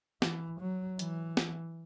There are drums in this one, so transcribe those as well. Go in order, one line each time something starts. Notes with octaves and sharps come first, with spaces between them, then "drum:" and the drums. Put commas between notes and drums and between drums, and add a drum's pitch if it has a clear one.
E3, drum: snare
F#3
E3, drum: hi-hat
drum: snare